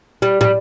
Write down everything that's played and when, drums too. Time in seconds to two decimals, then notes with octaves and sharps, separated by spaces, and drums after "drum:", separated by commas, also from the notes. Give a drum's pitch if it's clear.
0.22 G3
0.41 G3, drum: tom